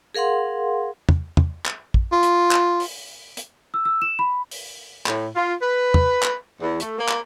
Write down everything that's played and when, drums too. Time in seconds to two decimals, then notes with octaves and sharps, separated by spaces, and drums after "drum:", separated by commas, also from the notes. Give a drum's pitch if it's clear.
0.15 G#4 A#4 F5 F#5 C6
1.09 drum: tom
1.37 drum: tom
1.66 drum: clap
1.94 drum: kick
2.12 F4
2.23 drum: hi-hat
2.51 drum: clap
2.80 drum: open hi-hat
3.37 drum: hi-hat
3.74 E6
3.85 E6
4.02 E7
4.19 B5
4.51 drum: open hi-hat
5.06 A2, drum: clap
5.35 F4
5.60 B4
5.94 drum: tom
6.23 drum: clap
6.60 E2
6.80 A3, drum: hi-hat
6.98 A#3
7.09 drum: clap